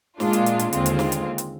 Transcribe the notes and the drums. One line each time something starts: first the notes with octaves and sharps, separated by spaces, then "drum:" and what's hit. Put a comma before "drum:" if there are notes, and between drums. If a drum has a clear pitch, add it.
A#2 G#3 D4 F4, drum: snare
drum: hi-hat
drum: hi-hat
drum: hi-hat
D#2 D3 G#3 C4 F4, drum: hi-hat
drum: hi-hat
drum: snare
drum: hi-hat
drum: hi-hat